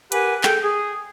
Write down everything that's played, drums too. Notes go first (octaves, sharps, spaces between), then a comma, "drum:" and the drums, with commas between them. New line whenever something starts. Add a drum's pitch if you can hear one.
G4 A#4 B4 F#5 G#5, drum: hi-hat
G#4 A4 G5, drum: clap
G#4